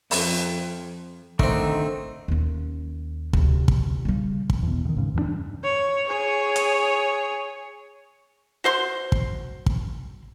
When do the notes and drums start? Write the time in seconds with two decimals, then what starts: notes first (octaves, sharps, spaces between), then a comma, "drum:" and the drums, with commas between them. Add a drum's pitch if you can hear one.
0.11 F2, drum: open hi-hat
1.39 D3 D#3 A3 C4 D#4, drum: kick
2.28 D#2 C#4
3.33 D2 C3, drum: kick
3.68 drum: kick
4.05 C#3 G3
4.50 drum: kick
4.63 E2 B2
4.85 A2 D#3
4.97 G#2 C#3
5.14 E2 E3 G3 D4
5.26 G2
5.64 C#5
6.09 G#4 C#5
6.56 drum: hi-hat
8.64 F#4 C5 C6
9.12 drum: kick
9.66 drum: kick